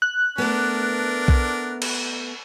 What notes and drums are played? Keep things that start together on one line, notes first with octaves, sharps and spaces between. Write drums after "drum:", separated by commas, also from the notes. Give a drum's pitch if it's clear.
F#6
A3 B3 D4 A#4
drum: kick B1
drum: cymbal